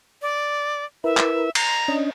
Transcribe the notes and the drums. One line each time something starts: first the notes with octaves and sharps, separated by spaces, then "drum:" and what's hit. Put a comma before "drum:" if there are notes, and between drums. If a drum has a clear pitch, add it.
D5
E4 A#4 B4 E5
drum: clap
A#5 C6, drum: cymbal
C#4 D4 D#5